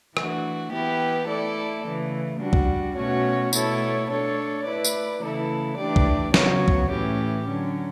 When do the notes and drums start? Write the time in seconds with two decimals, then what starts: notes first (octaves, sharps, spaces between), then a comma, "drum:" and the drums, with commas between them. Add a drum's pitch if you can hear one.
0.17 E3 A3 D4 F#4, drum: rim click
0.72 E3 B3 E4 G4 B4
1.28 A3 E4 A4 D5
1.85 C#3 E3 A3
2.40 G3 D4 F#4
2.53 drum: kick C2
2.97 B2 A3 C#4 F#4 C#5
3.53 B2 A3 E4 A4 C#5, drum: tambourine
4.09 A3 D4 A4 C#5
4.66 A3 E4 B4 D5
4.84 drum: tambourine
5.22 C#3 E3 A3 E4 A4
5.77 E3 A3 D4 G4 D5
5.96 drum: kick C2
6.34 C#3 F#3 B3 F#4 C#5, drum: snare
6.68 drum: kick C2
6.90 A2 E3 A3 C#4 G4
7.46 D3 F#3 C#4